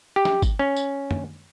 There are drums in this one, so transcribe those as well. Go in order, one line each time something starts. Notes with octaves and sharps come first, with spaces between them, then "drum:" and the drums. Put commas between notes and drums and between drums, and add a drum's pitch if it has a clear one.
G4
drum: snare
drum: kick G#1, tambourine
C#4
drum: tambourine
drum: tom